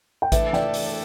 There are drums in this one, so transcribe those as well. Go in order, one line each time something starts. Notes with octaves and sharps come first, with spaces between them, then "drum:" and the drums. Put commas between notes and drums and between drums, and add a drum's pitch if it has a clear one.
G5
E3 A3 D4 A4 B4 E5, drum: kick A1, hi-hat
D5 G5, drum: snare
drum: open hi-hat